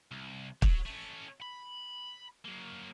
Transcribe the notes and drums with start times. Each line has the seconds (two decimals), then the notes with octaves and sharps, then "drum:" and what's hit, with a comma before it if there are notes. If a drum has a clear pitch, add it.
0.11 C2
0.62 F#3, drum: kick
0.86 A3 C#4
1.42 B5
2.45 F#3 A#3